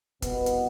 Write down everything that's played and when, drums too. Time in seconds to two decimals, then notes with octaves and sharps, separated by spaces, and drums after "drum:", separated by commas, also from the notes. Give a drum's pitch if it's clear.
0.22 C2 B2 B3, drum: kick, hi-hat
0.46 drum: hi-hat